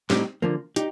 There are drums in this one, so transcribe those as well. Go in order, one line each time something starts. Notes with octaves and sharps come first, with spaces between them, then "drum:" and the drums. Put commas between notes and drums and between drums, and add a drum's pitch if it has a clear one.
A2 G3 C4 D#4 G4, drum: snare
D3 F3 A#3
D#4 G4, drum: hi-hat